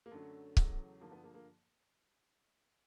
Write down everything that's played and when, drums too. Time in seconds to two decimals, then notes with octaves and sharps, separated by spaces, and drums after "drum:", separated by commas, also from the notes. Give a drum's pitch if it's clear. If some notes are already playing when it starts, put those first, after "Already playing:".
0.06 A#3
0.11 F#2 D3 F#3 A3
0.57 E2 C#3 F#3, drum: kick C#1
1.01 G2 D3 F3 A#3
1.12 B3
1.24 A#3
1.34 A#3